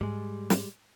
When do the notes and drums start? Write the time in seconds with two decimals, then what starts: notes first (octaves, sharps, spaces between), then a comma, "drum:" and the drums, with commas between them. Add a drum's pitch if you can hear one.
0.01 G#2 G3 G#3
0.50 drum: snare